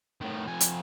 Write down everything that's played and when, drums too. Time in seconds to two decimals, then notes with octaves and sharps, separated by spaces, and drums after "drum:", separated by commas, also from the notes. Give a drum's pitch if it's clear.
0.21 A2 D#3
0.47 F2 G#5
0.60 drum: hi-hat